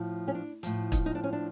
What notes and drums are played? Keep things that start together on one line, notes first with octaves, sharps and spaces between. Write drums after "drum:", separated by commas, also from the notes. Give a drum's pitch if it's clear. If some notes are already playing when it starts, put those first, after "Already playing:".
Already playing: A2 F3
C#4
D4
A2 F3, drum: hi-hat
D#4, drum: kick, hi-hat
D#4
D4
C#4
D4